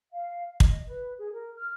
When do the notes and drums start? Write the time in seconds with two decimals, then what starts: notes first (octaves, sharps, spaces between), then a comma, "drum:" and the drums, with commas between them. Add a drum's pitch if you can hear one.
0.12 F5
0.60 D#5, drum: kick
0.89 B4
1.19 G#4
1.33 A#4
1.56 F6